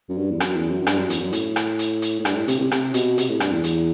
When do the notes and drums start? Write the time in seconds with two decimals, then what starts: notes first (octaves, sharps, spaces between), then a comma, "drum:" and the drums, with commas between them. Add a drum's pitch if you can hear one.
0.09 F#2
0.18 G2
0.31 E2
0.40 F#2, drum: rim click
0.56 E2
0.71 F#2
0.82 F#2
0.87 G2, drum: rim click
0.98 F#2
1.10 E2, drum: hi-hat
1.21 F#2
1.33 A2, drum: hi-hat
1.56 drum: rim click
1.79 drum: hi-hat
2.02 drum: hi-hat
2.20 A2
2.25 G2, drum: rim click
2.37 A2
2.48 C3, drum: hi-hat
2.60 C3
2.71 C3, drum: rim click
2.94 B2, drum: hi-hat
3.18 C3, drum: hi-hat
3.30 A2
3.40 G2, drum: rim click
3.52 E2
3.64 drum: hi-hat